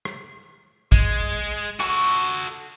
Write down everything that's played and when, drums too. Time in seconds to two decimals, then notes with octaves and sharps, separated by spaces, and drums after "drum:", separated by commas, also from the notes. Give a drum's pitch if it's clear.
0.05 drum: rim click
0.92 G#3, drum: kick
1.80 F#4 A4 C#6, drum: hi-hat